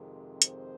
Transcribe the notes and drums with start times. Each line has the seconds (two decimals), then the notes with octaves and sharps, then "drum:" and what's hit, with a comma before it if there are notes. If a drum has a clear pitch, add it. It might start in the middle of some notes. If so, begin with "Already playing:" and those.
Already playing: F2 C3 D#3 G#3
0.42 C5, drum: hi-hat